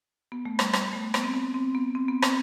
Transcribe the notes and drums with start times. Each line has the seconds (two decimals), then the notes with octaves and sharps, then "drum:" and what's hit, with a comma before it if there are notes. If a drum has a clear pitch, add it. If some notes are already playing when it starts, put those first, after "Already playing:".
0.32 B3
0.45 A3
0.59 G3, drum: rim click
0.73 G3, drum: rim click
0.93 A3
1.14 B3, drum: rim click
1.24 C4
1.34 B3
1.54 C4
1.75 B3
1.95 C4
2.09 B3
2.22 C4, drum: rim click